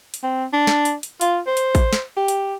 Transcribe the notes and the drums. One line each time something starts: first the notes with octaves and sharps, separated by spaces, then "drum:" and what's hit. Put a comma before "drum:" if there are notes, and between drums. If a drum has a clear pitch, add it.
drum: hi-hat
C4
D4
drum: snare
drum: hi-hat
drum: hi-hat
F4, drum: hi-hat
C5
drum: hi-hat
drum: kick, hi-hat
drum: snare
G4
drum: hi-hat